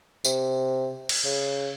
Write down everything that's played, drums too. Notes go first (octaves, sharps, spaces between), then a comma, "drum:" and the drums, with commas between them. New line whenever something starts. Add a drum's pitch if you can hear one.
C3, drum: tambourine
drum: cymbal
C#3